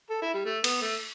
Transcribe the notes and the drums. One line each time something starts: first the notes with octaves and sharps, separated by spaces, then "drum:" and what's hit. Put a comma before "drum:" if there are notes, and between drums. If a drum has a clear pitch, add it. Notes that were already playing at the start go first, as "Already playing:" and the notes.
A4
E4
G3
A3
B3, drum: cymbal
A3